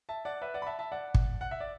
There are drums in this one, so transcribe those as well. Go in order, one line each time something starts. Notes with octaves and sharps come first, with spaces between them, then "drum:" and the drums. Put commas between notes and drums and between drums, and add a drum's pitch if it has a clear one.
E5 A5
D5 F#5
B4 E5
D5 F#5
B5
E5 A5
E5 A5
D5 F#5
drum: kick
F#5
E5
D5